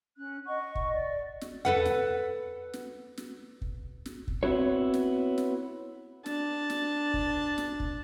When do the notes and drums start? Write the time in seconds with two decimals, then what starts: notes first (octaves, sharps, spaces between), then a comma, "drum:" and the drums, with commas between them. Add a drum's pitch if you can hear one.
0.18 C#4 F#6
0.46 D#5 F#5 C#6
0.75 drum: kick
0.91 D5
1.41 drum: snare
1.65 A4 B4 F#5, drum: tom E2
1.85 drum: snare
2.73 drum: snare
3.18 drum: snare
3.62 drum: kick
4.06 drum: snare
4.28 drum: kick
4.43 B3 C4 E4 F#4 C#5
4.94 drum: snare
5.38 drum: snare
6.26 D4 A5, drum: snare
6.70 drum: snare
7.14 drum: kick
7.58 drum: snare
7.80 drum: kick